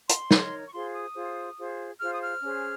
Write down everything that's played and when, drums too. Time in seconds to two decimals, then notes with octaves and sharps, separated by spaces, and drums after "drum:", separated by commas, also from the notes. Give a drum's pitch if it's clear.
0.09 C6, drum: hi-hat
0.31 D#4 A#4 C#5, drum: snare
0.67 C#6
0.72 F4 G#4 C5 C6
0.94 D#6
1.15 F4 G#4 C5
1.57 F4 G#4 C5
2.00 F4 G#4 C5 F6
2.15 D#6
2.22 F6
2.42 C#4 G#4 C5